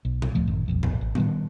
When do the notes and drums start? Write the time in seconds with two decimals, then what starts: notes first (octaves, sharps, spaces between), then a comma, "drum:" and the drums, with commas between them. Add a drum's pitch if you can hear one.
0.05 B1
0.22 drum: tom A#2
0.35 E1 D2 F3 A3
0.47 G#1 F#2 A2 D#3
0.68 D#1 B1 F2
0.83 drum: tom A2
1.01 A1
1.15 D#3 G3 B3, drum: tom A2